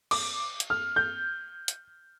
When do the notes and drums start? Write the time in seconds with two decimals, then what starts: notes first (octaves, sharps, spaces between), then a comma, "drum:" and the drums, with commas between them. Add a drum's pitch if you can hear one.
0.11 D6, drum: cymbal
0.60 drum: hi-hat
0.70 F6
0.96 G6
1.68 drum: hi-hat